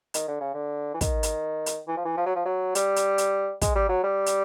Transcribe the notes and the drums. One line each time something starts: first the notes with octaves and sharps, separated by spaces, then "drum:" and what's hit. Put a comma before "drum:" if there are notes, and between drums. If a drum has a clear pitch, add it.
D#3, drum: hi-hat
D3
C#3
D3
E3
D#3, drum: kick, hi-hat
drum: hi-hat
drum: hi-hat
E3
F3
E3
F3
F#3
F3
F#3
G3, drum: hi-hat
drum: hi-hat
drum: hi-hat
G#3, drum: kick, hi-hat
G3
F#3
G3
drum: hi-hat